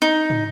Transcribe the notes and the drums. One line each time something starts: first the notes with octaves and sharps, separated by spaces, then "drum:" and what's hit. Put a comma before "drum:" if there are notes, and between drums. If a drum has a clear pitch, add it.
D#4
drum: tom